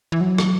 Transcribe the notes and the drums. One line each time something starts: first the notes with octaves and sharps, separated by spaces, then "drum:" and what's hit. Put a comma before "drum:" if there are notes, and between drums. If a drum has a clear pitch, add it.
E3
F#3
drum: rim click